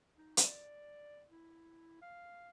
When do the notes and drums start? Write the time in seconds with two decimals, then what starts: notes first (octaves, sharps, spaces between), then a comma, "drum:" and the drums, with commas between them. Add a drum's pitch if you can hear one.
0.18 D#4
0.37 D5, drum: hi-hat
1.31 E4
2.02 F5